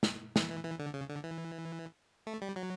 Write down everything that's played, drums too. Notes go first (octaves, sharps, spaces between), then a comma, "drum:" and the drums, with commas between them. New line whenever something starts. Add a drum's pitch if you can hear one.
drum: snare
E3, drum: snare
E3
E3
D3
C#3
D3
E3
A3
G3
F#3